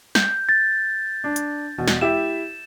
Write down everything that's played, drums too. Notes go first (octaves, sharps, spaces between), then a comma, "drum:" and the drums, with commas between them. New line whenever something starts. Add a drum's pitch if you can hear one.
G6, drum: snare
A6
D4
drum: hi-hat
E1 B2
drum: snare
E4 G4 E5 E7